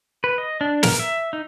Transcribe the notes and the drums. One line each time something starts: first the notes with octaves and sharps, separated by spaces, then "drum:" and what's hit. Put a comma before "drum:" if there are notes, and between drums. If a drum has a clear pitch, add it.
B4
D#5
D4
A#4, drum: snare
E5
D#4